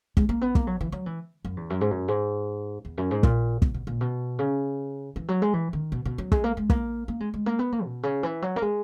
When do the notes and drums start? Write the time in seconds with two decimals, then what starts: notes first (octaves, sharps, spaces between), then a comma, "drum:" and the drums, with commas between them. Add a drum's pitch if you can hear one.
0.17 G#3, drum: kick
0.29 A#3
0.41 B3
0.55 A#3, drum: kick
0.67 F#3
0.81 E3
0.92 F#3
1.06 E3
1.45 F#2
1.57 E2
1.70 F#2
1.81 G#2
1.91 F#2
2.08 G#2
2.85 E2
2.98 F#2
3.11 G#2
3.23 A#2, drum: kick
3.62 B2, drum: kick
3.74 B2
3.87 A#2
4.01 B2
4.39 C#3
5.16 E3
5.28 F#3
5.42 G#3
5.54 E3
5.73 D#3
5.92 B2
6.06 B2
6.18 F#3
6.32 G#3, drum: kick
6.44 A#3
6.57 G#3
6.70 A#3, drum: kick
7.08 A#3
7.20 G#3
7.34 G#3
7.46 A#3
7.59 B3
7.72 A#3
7.85 B2
8.03 C#3
8.23 E3
8.42 F#3
8.56 A#3
8.62 G#3